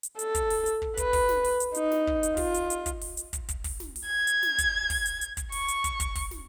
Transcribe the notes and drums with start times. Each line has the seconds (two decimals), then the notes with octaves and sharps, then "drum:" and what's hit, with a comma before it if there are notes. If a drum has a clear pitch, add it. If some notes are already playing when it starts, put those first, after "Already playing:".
0.03 drum: hi-hat
0.19 A4, drum: hi-hat
0.35 drum: kick, hi-hat
0.50 drum: open hi-hat
0.66 drum: hi-hat
0.82 drum: kick
0.97 B4, drum: kick, hi-hat
1.13 drum: kick, open hi-hat
1.29 drum: snare
1.44 drum: open hi-hat
1.60 drum: hi-hat
1.74 D#4, drum: hi-hat
1.92 drum: snare
2.07 drum: kick
2.23 drum: hi-hat
2.37 F4, drum: kick, open hi-hat
2.54 drum: hi-hat
2.70 drum: hi-hat
2.86 drum: kick, hi-hat
3.01 drum: open hi-hat
3.17 drum: hi-hat
3.33 drum: kick, hi-hat
3.49 drum: kick, hi-hat
3.64 drum: kick, open hi-hat
3.80 drum: snare
3.96 drum: open hi-hat
4.07 G#6
4.27 drum: hi-hat
4.43 drum: snare
4.58 drum: kick, hi-hat
4.90 drum: kick, open hi-hat
5.06 drum: hi-hat
5.21 drum: hi-hat
5.37 drum: kick, hi-hat
5.52 C#6, drum: open hi-hat
5.68 drum: hi-hat
5.84 drum: kick, hi-hat
6.00 drum: kick, hi-hat
6.15 drum: kick, open hi-hat
6.31 drum: snare